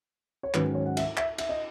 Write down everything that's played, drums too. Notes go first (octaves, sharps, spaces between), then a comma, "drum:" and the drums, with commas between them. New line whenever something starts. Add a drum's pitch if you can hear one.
C#5
G#2 D#3 F#3 C#4 B4, drum: clap
C#5
F#5
E5, drum: cymbal
E5, drum: clap
E5, drum: cymbal
D#5